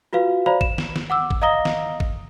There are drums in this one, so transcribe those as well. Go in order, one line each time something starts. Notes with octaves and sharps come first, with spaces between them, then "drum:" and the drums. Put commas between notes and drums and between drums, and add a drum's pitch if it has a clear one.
F4 F#4 B4 F5
C5 D5 F5 A#5 B5
E7, drum: kick G#1
drum: snare
drum: snare
F#5 D6 E6
drum: kick G#1
D#5 F5 A#5 D#6 A#6 G7
drum: snare
drum: kick G#1